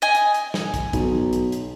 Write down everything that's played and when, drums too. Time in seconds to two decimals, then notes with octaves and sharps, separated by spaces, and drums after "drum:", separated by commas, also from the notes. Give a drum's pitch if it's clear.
0.02 D#5 G#5
0.15 drum: hi-hat
0.34 drum: hi-hat
0.54 drum: snare
0.74 drum: kick, hi-hat
0.93 B1, drum: kick, hi-hat
1.33 drum: hi-hat
1.52 drum: hi-hat